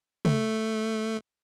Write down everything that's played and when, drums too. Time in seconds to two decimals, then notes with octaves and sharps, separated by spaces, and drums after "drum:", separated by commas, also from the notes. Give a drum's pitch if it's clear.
0.25 A3, drum: tom